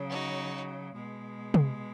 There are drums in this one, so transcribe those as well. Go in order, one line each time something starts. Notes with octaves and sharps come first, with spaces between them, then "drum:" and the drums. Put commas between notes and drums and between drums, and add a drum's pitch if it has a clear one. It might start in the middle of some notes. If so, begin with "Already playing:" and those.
Already playing: C#3 F#3
D#4 F#4
B2 G#3
drum: tom